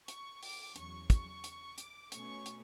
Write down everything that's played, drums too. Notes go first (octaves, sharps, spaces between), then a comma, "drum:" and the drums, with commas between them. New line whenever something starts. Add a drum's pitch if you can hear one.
C#6, drum: hi-hat
D6, drum: open hi-hat
E2 C#3 F#3 C#6, drum: hi-hat
C#6, drum: kick, hi-hat
drum: hi-hat
D6, drum: hi-hat
B2 A3 C#4 C#6, drum: hi-hat
drum: hi-hat